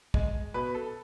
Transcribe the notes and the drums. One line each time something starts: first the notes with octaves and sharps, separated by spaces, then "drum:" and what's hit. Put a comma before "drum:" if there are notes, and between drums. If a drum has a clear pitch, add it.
G#3, drum: kick
B2 B4
A4